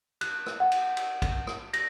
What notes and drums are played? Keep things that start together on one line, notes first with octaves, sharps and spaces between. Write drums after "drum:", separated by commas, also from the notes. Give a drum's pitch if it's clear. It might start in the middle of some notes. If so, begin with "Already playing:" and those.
F#6, drum: cymbal
drum: rim click
F#5
drum: cymbal
drum: cymbal
drum: kick, cymbal
drum: rim click
A#6, drum: cymbal